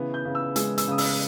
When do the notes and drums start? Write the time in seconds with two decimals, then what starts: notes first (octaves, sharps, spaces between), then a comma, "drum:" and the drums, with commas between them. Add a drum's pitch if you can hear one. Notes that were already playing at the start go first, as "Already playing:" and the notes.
Already playing: C#3 E3 B3
0.14 G6
0.25 C#3
0.35 E6
0.56 G#3 E6, drum: hi-hat
0.78 E6, drum: hi-hat
0.88 C#3 D#6
0.98 E6, drum: open hi-hat